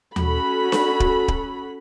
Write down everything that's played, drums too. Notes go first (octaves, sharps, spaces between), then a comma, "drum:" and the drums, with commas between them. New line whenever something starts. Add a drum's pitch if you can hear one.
C#4 F#4 A4 B5, drum: tom D#2
drum: snare D4
drum: kick
drum: kick